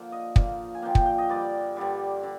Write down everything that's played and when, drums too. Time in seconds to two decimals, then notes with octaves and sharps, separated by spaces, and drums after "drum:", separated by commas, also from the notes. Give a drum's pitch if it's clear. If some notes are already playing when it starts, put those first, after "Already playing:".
Already playing: D3 F3 A#3
0.12 D#5
0.36 D3 F3 A#3, drum: kick
0.75 G#5
0.82 D3 F3 A#3 G5
0.95 G5, drum: kick
1.06 G5
1.18 D#5
1.29 G2 D3 G3 D5
1.77 G2 D3 G3
2.23 D3